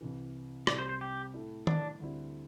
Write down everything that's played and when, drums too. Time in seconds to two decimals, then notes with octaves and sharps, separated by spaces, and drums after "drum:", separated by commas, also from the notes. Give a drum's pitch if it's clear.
0.01 C2 C3 E3
0.67 C2 C3 G3 C4 D5, drum: rim click
0.79 C5
0.89 C5
1.01 G4
1.34 A2 A3 E4
1.67 D4, drum: tom D#3
2.00 D2 D3 G3 C4 E4